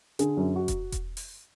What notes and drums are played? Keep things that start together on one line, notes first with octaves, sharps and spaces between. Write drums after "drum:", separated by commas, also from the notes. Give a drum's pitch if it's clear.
D3 G#4, drum: hi-hat
F#2
F#4
drum: kick E1, hi-hat
drum: kick E1, hi-hat
drum: open hi-hat